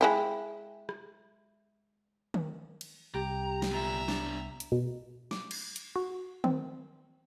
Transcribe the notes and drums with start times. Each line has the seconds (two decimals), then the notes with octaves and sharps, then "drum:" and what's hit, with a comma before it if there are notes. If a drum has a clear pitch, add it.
0.01 G#3 E4 G4
0.89 drum: rim click
2.34 drum: tom D#3
2.81 drum: cymbal
3.14 C2 G4 A#5
3.62 drum: snare
3.72 B3 F4 E5 A#5
4.08 B3 D4, drum: snare
4.60 drum: hi-hat
4.72 B2
5.31 D6, drum: snare
5.51 drum: cymbal
5.76 drum: hi-hat
5.96 F#4
6.44 C4, drum: tom D#3